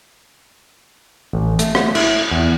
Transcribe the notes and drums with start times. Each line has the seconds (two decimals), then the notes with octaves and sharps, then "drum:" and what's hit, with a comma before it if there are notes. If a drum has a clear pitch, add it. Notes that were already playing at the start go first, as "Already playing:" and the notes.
1.33 A1
1.59 A3, drum: hi-hat
1.75 drum: rim click
1.95 E4, drum: cymbal
2.31 E2